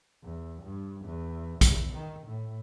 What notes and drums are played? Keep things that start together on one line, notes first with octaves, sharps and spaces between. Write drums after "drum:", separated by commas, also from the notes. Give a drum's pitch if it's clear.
E2
G2
E2
E2, drum: kick, hi-hat
D#3
A2